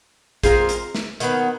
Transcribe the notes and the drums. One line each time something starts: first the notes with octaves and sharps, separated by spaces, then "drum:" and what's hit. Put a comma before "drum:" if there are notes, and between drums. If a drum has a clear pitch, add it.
G#3 C4 F4 A#4, drum: kick, hi-hat
drum: hi-hat
drum: snare
D#3 F#3 B3, drum: hi-hat